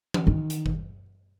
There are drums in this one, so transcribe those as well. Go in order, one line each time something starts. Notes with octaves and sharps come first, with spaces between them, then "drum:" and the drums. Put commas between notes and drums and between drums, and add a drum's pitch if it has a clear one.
drum: tom E3
D#3
drum: hi-hat
drum: kick G1